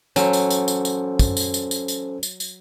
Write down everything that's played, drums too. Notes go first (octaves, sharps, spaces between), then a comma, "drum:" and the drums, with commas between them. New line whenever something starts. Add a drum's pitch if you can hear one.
F#3 C#4 A4 C5, drum: tambourine
drum: tambourine
drum: tambourine
drum: tambourine
drum: tambourine
drum: kick, tambourine
drum: tambourine
drum: tambourine
drum: tambourine
drum: tambourine
drum: tambourine
drum: tambourine